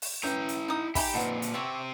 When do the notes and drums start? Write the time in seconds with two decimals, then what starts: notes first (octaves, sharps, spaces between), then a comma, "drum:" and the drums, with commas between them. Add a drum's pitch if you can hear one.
0.02 drum: open hi-hat
0.23 C#4 E4 B4 G5 A#5
0.49 drum: hi-hat
0.68 D#4 D#6
0.95 D#4 G4 E5 G#5 B5, drum: kick, open hi-hat
1.14 A#2 C4 B4 F#5 A5
1.42 drum: hi-hat
1.54 C4 G4 C#5 D5 E5